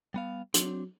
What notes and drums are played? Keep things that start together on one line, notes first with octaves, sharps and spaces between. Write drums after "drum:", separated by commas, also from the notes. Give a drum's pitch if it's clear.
G3 B3 F5
F#3 C4 D4, drum: hi-hat